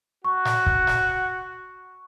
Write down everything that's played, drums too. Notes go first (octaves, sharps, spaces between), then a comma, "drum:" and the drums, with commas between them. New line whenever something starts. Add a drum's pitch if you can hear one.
F#4 C#6
drum: snare
drum: kick
drum: snare